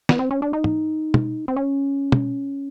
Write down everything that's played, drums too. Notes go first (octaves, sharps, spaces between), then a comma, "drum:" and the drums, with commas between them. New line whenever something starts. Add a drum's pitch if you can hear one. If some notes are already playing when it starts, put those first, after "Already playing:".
B3, drum: snare
C4
C#4
D4
D#4
drum: tom
drum: tom
C4
C#4
drum: tom